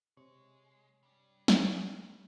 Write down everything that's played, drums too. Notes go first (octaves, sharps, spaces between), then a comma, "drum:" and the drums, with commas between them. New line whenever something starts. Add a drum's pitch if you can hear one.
C3 G#3 C#5 C#6
G3 D4
drum: snare